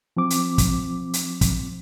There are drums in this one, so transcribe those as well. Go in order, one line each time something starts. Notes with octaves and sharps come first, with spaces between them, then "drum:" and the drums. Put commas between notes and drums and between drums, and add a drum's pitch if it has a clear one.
F3 C4 D6
drum: hi-hat
drum: kick, hi-hat
drum: hi-hat
drum: kick, hi-hat